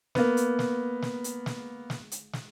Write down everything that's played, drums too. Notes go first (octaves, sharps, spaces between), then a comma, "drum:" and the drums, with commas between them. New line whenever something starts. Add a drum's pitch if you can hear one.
A#3 B3, drum: snare
drum: hi-hat
drum: snare
drum: snare
drum: hi-hat
drum: snare
drum: snare
drum: hi-hat
drum: snare